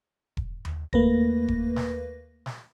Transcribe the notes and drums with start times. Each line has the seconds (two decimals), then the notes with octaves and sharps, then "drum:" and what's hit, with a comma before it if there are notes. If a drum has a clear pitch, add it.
0.37 drum: kick E1
0.65 drum: tom D#2
0.93 D#2 A3 A#3 B4 A#6, drum: kick E1
1.48 drum: kick E1
1.76 drum: snare
2.46 drum: snare